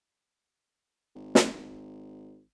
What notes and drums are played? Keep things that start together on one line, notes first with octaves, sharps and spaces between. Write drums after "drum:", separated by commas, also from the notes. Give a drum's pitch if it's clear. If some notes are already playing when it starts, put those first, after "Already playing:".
G#1
drum: snare